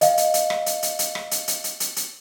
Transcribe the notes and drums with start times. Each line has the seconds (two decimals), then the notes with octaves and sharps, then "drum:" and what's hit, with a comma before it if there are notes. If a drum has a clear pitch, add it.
0.01 D#5 F5, drum: hi-hat
0.17 drum: hi-hat
0.34 drum: hi-hat
0.50 drum: rim click
0.66 drum: hi-hat
0.83 drum: hi-hat
0.99 drum: hi-hat
1.15 drum: rim click
1.31 drum: hi-hat
1.48 drum: hi-hat
1.64 drum: hi-hat
1.80 drum: hi-hat
1.96 drum: hi-hat